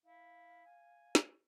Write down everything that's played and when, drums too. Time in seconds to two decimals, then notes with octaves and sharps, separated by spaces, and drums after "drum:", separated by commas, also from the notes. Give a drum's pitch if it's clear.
0.05 E4 F5
0.66 G#5
1.15 drum: snare